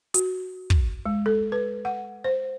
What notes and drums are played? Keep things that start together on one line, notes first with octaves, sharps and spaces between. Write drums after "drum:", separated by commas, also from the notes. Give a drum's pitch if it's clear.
F#4, drum: hi-hat
drum: kick
G#3
A4
B4
F#5
C5